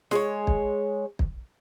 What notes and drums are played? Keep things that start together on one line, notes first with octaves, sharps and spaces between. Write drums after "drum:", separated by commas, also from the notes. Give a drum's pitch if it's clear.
G#3 C#5, drum: snare
drum: kick
drum: kick